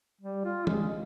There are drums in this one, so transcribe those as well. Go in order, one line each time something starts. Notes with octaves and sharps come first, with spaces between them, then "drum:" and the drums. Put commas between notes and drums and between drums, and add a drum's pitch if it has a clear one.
G3
F4
G#3, drum: tom E3